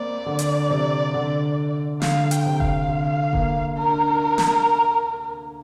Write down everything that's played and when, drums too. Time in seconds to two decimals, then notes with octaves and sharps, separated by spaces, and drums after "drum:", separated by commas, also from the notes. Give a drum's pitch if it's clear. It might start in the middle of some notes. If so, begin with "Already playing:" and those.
Already playing: A#3 C4 D5
0.26 D3
0.39 drum: hi-hat
0.70 C3
1.14 D3
2.02 D3 F5, drum: snare
2.31 G5, drum: hi-hat
2.46 C3
2.60 F5, drum: kick F1
2.89 D3
3.33 A#3, drum: kick F1
3.76 D4 A#4
4.38 drum: snare